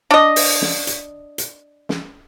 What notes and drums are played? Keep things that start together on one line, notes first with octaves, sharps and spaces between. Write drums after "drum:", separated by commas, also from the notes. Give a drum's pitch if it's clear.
D4 D#5
drum: open hi-hat
drum: snare
drum: hi-hat
drum: hi-hat
drum: snare